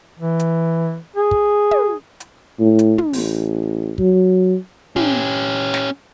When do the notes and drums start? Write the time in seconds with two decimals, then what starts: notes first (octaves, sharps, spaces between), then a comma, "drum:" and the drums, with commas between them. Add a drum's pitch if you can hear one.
0.19 E3
0.39 drum: hi-hat
1.16 G#4
1.31 drum: kick
1.71 drum: tom
2.20 drum: hi-hat
2.60 A2
2.79 drum: hi-hat
2.98 drum: tom
3.13 A1, drum: open hi-hat
3.98 F#3, drum: kick
4.96 C#4 G4, drum: tom
5.74 drum: snare